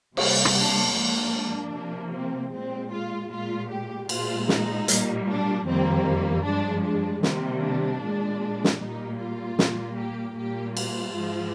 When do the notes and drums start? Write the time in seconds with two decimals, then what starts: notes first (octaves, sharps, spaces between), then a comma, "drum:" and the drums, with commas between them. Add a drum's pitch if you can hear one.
0.17 C3 G3 A#3 C4, drum: cymbal
0.45 drum: rim click
0.57 D4
0.95 G#2 F3 A#3 D4
1.74 C3 F3 A#3
2.13 C4
2.53 A#2 G#3 C4
2.92 F4
3.31 A#2 G#3 F4
3.71 G4
4.09 A#2 G#3 F4, drum: cymbal
4.49 D#4, drum: snare
4.88 A#2 G3 A#3, drum: hi-hat
5.27 D4
5.66 F2 D#3 G3 A#3 C4
6.45 G2 F3 G#3 D4
6.84 D4
7.23 C3 D#3 G3 A#3 C4, drum: snare
7.63 D4
8.02 A#2 G#3
8.64 drum: snare
8.80 A#2 G3 A#3 D#4
9.19 F4
9.59 A#2 G3 A#3, drum: snare
9.98 G4
10.37 A#2 G3 A#3 G4
10.77 F4, drum: cymbal
11.16 G#2 F3 G#3